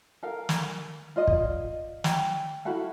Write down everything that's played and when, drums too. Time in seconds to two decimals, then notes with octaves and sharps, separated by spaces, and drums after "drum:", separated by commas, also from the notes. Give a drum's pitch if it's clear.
0.23 A4 A#4 F5
0.49 drum: snare
1.16 F4 D5 D#5
1.28 drum: kick
2.04 G5, drum: snare
2.65 E4 F#4 A4 F5